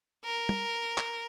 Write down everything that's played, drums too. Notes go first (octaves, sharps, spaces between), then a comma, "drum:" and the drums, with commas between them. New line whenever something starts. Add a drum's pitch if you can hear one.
A#4
drum: tom
drum: clap